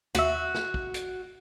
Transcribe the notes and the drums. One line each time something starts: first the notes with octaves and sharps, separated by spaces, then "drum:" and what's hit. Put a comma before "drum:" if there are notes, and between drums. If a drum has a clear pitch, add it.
D#2 F#4 E5, drum: hi-hat
drum: snare
drum: kick
drum: hi-hat